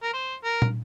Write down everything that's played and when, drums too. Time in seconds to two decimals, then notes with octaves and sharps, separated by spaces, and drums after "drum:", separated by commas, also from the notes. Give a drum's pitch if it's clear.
0.03 A#4
0.13 C5
0.44 A#4
0.62 drum: tom